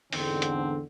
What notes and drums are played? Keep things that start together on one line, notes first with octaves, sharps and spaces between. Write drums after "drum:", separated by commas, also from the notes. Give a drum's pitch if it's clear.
E2 G#2 D3 C4, drum: open hi-hat
drum: hi-hat